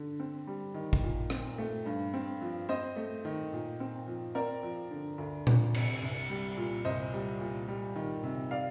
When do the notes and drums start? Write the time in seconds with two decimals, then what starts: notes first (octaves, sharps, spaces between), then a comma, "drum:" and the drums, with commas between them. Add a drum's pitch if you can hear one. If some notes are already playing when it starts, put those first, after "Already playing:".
Already playing: D3
0.20 C4
0.47 G3
0.74 D#3
0.93 drum: kick
1.03 A#2
1.30 C4, drum: rim click
1.58 A3
1.86 G2
2.14 C4
2.41 F3
2.69 C4 C5 D#5
2.96 A3
3.25 D#3
3.53 A#2
3.80 C4
4.08 F3
4.35 C4 A#4 D5
4.63 F3
4.91 D3
5.18 D2
5.47 F3, drum: tom A#2
5.74 C3, drum: cymbal
6.02 C2
6.30 G3
6.57 A#2
6.85 C2 C5 D#5
7.13 G3
7.40 A#2
7.68 G3
7.95 D#3
8.23 C3
8.51 D5 F5